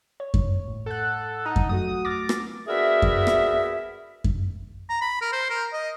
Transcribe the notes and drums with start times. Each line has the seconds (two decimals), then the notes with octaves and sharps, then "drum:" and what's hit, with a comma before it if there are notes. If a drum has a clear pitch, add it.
0.20 C#5
0.34 drum: kick F#2
0.68 A2
0.86 A4 F#5 F#6
1.46 D#4 F#5 D#6
1.56 drum: kick F#2
1.69 F#3 A3 F#4 D#6
2.05 D6 F6 A6 A#6
2.29 drum: rim click
2.68 B3 D4 F#4 G#4 A#4 E5
3.02 drum: kick F#2
3.27 drum: rim click
4.24 drum: kick F#2
4.90 A#5
5.01 B5
5.21 A#4
5.33 C5
5.50 A#4
5.73 D#5